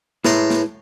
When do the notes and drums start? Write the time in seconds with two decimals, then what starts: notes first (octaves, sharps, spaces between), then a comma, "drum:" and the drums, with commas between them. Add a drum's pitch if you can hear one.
0.25 A2 E4 G#4 B4 A#5 C6, drum: snare
0.50 drum: snare